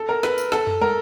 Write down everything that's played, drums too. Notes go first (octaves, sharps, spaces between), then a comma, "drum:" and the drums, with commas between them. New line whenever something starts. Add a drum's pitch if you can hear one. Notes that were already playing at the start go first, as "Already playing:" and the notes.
Already playing: A4
A#4
B4, drum: snare
drum: tambourine
A4, drum: snare
drum: tom
A#4, drum: tom